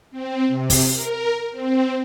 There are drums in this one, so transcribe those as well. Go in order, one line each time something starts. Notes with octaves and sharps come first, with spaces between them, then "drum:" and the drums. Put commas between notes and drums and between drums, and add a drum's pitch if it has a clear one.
C4
C3
drum: kick, open hi-hat
A#4
C4